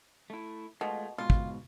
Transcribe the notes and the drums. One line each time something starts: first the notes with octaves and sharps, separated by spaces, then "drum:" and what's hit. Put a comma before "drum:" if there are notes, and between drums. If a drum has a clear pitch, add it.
A3 E4
B2 G#3 A3 F4
G#2 B2 F4
drum: kick